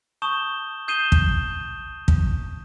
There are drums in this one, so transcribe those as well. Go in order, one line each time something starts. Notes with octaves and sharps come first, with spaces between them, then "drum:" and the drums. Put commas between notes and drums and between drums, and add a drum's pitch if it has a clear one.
A5 C#6 D#6 G6 E7 G7
D#6 G6 C7 D#7 E7 G7
drum: kick
drum: kick